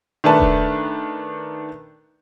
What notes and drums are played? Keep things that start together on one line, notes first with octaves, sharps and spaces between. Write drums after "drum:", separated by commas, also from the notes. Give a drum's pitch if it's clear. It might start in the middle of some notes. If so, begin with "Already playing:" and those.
D#3 A3 D4 B4 A5
drum: kick D#1